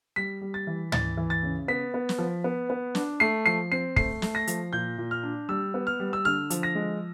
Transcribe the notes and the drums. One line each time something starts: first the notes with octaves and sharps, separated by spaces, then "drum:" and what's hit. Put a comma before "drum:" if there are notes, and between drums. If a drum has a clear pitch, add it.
G3 B6
G3
A6
E3
E3 A6, drum: tom
E3
A6
C#3
B3 B6
B3
drum: snare
F3
B3
B3
D4, drum: snare
A3 C7
F3 C7
C4 C7
A3 C7, drum: kick
A3, drum: snare
A#6
F3, drum: hi-hat
A#2 G6
A#2
F6
D4
G3 E6
B3
F6
G3
E6
D3 F6
F3, drum: hi-hat
A#6
G#3